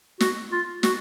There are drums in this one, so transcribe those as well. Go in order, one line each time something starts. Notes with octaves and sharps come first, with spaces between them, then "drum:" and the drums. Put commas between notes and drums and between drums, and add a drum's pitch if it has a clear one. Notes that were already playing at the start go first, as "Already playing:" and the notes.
F#4, drum: snare
F4
F#4, drum: snare